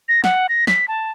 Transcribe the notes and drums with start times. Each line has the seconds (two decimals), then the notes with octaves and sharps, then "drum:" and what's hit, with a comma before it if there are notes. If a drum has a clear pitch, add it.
0.09 A#6
0.24 F#5, drum: snare
0.49 A#6
0.67 B6, drum: snare
0.88 A5